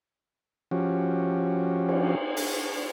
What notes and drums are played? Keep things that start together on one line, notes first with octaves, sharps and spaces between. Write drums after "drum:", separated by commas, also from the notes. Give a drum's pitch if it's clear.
F3 C#4 F#4 G4
drum: cymbal
drum: open hi-hat